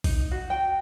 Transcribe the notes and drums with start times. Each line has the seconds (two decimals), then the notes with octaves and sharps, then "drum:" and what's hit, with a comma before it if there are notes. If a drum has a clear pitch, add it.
0.04 D#4, drum: kick A#1, open hi-hat
0.31 F#4
0.50 G5